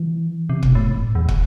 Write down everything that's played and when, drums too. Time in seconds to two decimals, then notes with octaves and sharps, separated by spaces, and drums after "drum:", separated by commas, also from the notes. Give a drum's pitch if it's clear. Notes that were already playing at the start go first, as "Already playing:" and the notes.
Already playing: E3
0.49 C3
0.63 B2, drum: kick
0.75 A2
0.89 G#2
1.15 E2
1.29 drum: kick